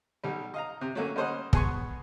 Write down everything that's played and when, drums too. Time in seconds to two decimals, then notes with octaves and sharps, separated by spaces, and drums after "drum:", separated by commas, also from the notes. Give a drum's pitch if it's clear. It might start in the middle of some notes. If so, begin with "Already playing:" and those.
0.24 B1 G3
0.54 D#5 F5 A#5
0.81 C3
0.95 F#3 A3 A#3 C#4
1.16 G3 A#3 C#4 C5 D#5 F#5
1.53 B2 B3 G#4 G#5 C6 C#6, drum: kick